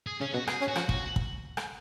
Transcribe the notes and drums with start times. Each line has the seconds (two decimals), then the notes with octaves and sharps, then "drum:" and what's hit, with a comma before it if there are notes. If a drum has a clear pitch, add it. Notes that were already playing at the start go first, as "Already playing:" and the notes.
0.07 G#4
0.20 C#3 C#4
0.34 B2 F#4
0.47 G#4, drum: rim click
0.61 C#4
0.68 F#4
0.75 F3, drum: rim click
0.89 F#4, drum: kick
1.16 drum: kick
1.57 drum: rim click